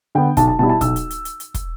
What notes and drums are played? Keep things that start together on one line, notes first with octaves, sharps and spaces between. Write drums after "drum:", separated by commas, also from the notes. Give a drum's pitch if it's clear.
D3 B3 G5
B1 A5, drum: kick, hi-hat
A5
B2 G3 E4 A5
A5
B1 E6, drum: kick, hi-hat
drum: hi-hat
drum: hi-hat
drum: hi-hat
drum: hi-hat
drum: kick, hi-hat